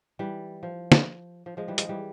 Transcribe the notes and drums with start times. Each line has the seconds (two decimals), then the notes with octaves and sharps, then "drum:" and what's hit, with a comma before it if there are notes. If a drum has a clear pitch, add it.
0.19 E3 G3
0.63 F3
0.92 drum: snare
1.46 F3
1.57 F3 G#3
1.68 E3 G3
1.78 F3 G#3, drum: hi-hat
1.89 E3 G3